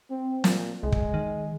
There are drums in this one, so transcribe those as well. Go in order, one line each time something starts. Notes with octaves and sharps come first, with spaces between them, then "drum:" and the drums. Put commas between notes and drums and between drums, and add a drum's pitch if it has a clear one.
C4
A#2, drum: snare
C2 G#3
drum: kick
D#3